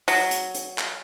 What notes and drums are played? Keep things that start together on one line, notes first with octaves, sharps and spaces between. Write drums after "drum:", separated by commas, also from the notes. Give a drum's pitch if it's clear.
F#3, drum: open hi-hat
drum: hi-hat
drum: hi-hat
drum: clap